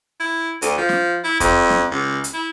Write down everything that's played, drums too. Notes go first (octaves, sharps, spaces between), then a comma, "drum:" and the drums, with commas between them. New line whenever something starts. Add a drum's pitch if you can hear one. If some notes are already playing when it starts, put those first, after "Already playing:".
E4
D2, drum: hi-hat
F3
drum: snare
E4
F2, drum: kick E2, hi-hat
drum: snare
C#2
drum: hi-hat
E4